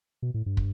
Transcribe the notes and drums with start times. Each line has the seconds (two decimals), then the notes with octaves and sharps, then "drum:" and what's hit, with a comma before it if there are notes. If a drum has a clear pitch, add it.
0.22 B2
0.34 A2
0.46 G2
0.57 drum: kick